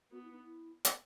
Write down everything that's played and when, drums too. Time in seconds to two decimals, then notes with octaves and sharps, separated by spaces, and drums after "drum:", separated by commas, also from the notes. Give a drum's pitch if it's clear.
0.11 B3 F#4
0.22 E4
0.32 D#4
0.41 E4
0.85 drum: hi-hat